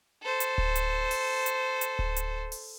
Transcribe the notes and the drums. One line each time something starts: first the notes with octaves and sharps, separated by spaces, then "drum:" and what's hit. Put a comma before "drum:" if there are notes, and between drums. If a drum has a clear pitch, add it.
A4 C5
drum: hi-hat
drum: kick D1
drum: hi-hat
drum: open hi-hat
drum: hi-hat
drum: hi-hat
drum: kick D1
drum: hi-hat
drum: open hi-hat